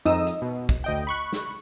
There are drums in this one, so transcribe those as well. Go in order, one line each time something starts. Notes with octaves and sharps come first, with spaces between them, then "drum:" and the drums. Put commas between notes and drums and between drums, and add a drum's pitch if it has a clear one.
F2 D#4 D#6 E6, drum: hi-hat
drum: hi-hat
B2
drum: kick, hi-hat
D2 D#5 G5
B5 C#6 F#6
drum: snare